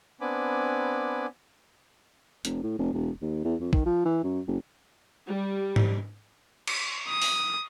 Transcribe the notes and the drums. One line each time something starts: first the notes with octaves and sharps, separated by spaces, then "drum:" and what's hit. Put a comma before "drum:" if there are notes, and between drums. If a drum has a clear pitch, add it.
B3 C4 D4 G#5 B5 D6
F1, drum: hi-hat
A2
F1
E1
D#2
E2
F2
D#3, drum: kick
F3
E3
F#2
F#1
G3
drum: tom G#2
drum: cymbal
D#6
drum: open hi-hat